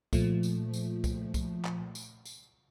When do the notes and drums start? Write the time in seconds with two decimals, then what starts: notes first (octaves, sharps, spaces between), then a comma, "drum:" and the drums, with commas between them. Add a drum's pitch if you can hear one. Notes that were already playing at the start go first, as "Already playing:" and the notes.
0.13 A#2 F3 A3, drum: kick, tambourine
0.43 drum: tambourine
0.73 drum: tambourine
1.04 drum: kick, tambourine
1.34 drum: kick, tambourine
1.65 drum: clap
1.95 drum: tambourine
2.25 drum: tambourine